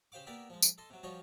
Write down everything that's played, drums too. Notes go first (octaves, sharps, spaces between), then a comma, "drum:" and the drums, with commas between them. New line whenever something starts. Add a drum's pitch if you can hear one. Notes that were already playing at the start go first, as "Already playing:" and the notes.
C#3 G4 C5 F5 D6
A#3 B3 G4 A#4 D5 E5
F3 G#3
drum: tambourine
A4 D#5 C6
C3 F#3
F3 G3 F4 F#4 C#5 D#5